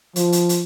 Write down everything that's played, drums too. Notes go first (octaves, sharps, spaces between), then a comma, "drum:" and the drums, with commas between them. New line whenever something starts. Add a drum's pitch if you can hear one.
F3, drum: hi-hat
drum: hi-hat
drum: hi-hat